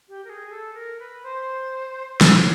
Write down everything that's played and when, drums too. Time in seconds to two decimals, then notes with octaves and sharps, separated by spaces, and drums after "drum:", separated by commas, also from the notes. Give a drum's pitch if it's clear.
0.09 G4
0.24 A#4
0.29 G#4
0.50 A4
0.74 A#4
0.99 B4
1.23 C5
2.21 C#5, drum: snare